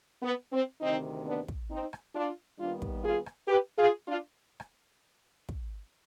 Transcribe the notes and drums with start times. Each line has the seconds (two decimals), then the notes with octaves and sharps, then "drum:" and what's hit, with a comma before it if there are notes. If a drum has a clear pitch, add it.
0.23 B3
0.53 C4
0.81 D2 C3 D#3 C4 D#4
1.26 B3 D4
1.48 drum: kick
1.70 C4 D#4
1.93 drum: rim click
2.15 D4 F4
2.59 D#2 D#3 G3 B3 D4 F4
2.82 drum: kick
3.04 F4 G#4
3.26 drum: rim click
3.48 G4 B4
3.78 F4 G#4
4.08 D4 F4
4.60 drum: rim click
5.49 drum: kick